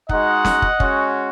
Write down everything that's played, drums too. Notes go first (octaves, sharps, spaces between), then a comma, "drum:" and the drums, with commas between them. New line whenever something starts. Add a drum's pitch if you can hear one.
G#3 D#4 F#4 D#5 F#5, drum: kick
drum: snare
drum: kick
G#3 C#4 F#4, drum: kick